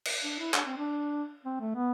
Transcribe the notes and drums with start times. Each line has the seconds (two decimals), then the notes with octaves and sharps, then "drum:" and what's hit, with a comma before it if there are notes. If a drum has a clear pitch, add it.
0.05 drum: cymbal
0.23 D4
0.39 E4
0.54 D4, drum: clap
0.66 C4
0.77 D4
1.45 C4
1.60 A3
1.75 B3